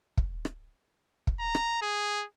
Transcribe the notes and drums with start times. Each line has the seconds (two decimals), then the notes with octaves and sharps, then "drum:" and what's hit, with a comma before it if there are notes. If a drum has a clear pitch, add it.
0.17 drum: kick
0.45 drum: rim click
1.27 drum: kick
1.39 A#5
1.55 drum: rim click
1.82 G#4